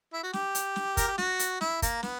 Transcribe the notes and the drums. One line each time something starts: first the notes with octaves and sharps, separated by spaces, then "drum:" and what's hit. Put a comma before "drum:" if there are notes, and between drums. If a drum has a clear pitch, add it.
E4
F#4
G4, drum: snare
drum: hi-hat
drum: snare
A#4, drum: kick, hi-hat
G4
F#4, drum: snare
drum: hi-hat
E4, drum: snare
A#3, drum: kick, hi-hat
B3, drum: snare